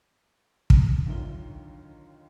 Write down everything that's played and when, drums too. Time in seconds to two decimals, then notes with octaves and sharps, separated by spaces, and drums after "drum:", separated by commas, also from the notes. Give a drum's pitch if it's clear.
0.70 drum: kick
1.06 D#2 D3 D#3 F#3 F4 G7